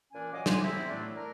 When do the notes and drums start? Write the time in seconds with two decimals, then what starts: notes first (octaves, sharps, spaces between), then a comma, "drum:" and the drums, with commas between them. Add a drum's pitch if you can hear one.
0.13 A#2 E3 C#4 D4 G#5
0.33 F#3 D#5 F5 G#5 D6
0.46 C5 D5 F#5 G#5 C6 D6, drum: snare
0.61 C3 F#3 B3 C4 E4
0.89 A2 A3 D4
1.16 D4 A#4